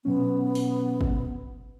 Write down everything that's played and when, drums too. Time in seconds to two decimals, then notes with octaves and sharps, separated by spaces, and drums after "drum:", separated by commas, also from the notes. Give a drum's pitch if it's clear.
0.05 B2 F#3 B3 C#4
0.55 drum: open hi-hat
1.01 drum: kick